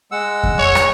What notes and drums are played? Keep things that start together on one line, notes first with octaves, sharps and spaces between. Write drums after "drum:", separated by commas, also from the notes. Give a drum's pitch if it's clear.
G#3 F#5 E6
drum: kick F2
C#5
drum: rim click